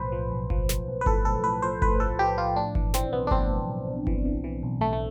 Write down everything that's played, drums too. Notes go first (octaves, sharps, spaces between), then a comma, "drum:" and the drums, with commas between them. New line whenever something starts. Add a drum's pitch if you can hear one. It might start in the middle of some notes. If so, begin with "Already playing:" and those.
Already playing: B1 A2 F3 B4 C5
F3
B1
F3, drum: kick G1
B1, drum: snare
B1
B4
A2 A4, drum: kick G1
B1 A4
A2 B4
F3 C5
A2 B4, drum: kick G1
F3 A4
F3 G4
F3 F4
A2 D4
E3, drum: kick G1
E3 C4, drum: snare
B1 B3
D4
A2 C4, drum: kick G1
B1
B1
B1
E3, drum: kick G1
E3
E3
B1
B1 A3
A3